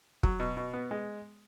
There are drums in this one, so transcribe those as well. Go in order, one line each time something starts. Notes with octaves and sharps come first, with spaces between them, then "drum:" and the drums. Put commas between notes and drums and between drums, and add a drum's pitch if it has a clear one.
F#3, drum: kick
B2
B2
B3
G#3